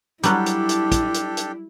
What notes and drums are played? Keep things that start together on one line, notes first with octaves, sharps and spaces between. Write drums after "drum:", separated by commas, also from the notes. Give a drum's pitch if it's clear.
F#3 G3 D4 E4 G4 A4, drum: hi-hat
drum: hi-hat
drum: hi-hat
drum: kick, hi-hat
drum: hi-hat
drum: hi-hat